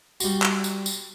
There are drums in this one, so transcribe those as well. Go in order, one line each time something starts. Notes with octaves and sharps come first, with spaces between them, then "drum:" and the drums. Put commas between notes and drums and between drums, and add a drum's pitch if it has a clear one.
G3 F#4, drum: tambourine
drum: clap
drum: tambourine
drum: tambourine